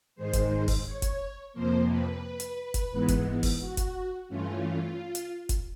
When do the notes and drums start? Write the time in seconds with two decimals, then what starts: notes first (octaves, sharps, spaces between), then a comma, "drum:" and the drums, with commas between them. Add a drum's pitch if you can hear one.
0.16 G#2 D#3 G#3 C5
0.33 drum: kick F#1, hi-hat
0.68 drum: kick F#1, open hi-hat
0.85 C#5
1.02 drum: kick F#1, hi-hat
1.53 F2 C3 F3 A#3 C5
1.88 B4
2.40 drum: hi-hat
2.74 drum: kick F#1, hi-hat
2.91 G#2 E3 G#3 B3
3.08 drum: kick F#1, hi-hat
3.43 drum: kick F#1, open hi-hat
3.61 F#4
3.77 drum: kick F#1, hi-hat
4.28 G2 E3 A3 C#4 F4
5.15 drum: hi-hat
5.49 drum: kick F#1, hi-hat